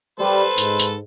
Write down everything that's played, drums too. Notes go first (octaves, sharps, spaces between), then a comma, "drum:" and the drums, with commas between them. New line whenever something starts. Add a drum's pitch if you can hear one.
G3 A4 B4 C5
G#2, drum: tambourine
drum: tambourine